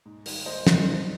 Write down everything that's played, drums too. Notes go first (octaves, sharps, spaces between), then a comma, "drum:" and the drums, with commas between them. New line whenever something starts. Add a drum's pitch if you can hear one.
G#2
D#3 G3, drum: open hi-hat
G#2 C5 D#5
D#3 G3, drum: snare
G#2